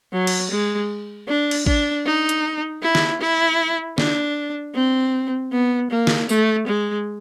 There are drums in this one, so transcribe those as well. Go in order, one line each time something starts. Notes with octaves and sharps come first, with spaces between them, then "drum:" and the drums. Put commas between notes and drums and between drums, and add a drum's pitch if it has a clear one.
F#3
drum: cymbal
G#3
D4
drum: cymbal
D4, drum: kick A1
D#4
drum: hi-hat
E4
drum: snare
E4
D4, drum: snare
C4
B3
A#3
drum: snare
A3, drum: tambourine
G#3